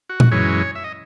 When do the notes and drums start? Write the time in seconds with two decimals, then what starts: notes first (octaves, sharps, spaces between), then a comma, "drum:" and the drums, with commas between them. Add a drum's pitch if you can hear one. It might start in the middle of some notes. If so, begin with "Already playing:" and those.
0.09 F#4
0.20 drum: tom A#2
0.31 F#2 E3 G#3 C#5
0.75 E5
0.84 D#5